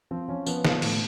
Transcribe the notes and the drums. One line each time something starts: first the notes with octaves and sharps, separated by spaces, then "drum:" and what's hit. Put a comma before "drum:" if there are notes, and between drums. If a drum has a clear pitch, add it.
F3 C4
F3 C#4
F3 B3, drum: tambourine
F3, drum: snare
A2, drum: cymbal